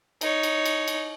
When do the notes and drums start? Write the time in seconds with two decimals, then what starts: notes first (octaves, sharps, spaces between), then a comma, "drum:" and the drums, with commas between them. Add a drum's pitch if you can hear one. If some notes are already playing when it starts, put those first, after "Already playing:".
0.21 D#4 C#5, drum: cymbal
0.43 drum: cymbal
0.66 drum: cymbal
0.88 drum: cymbal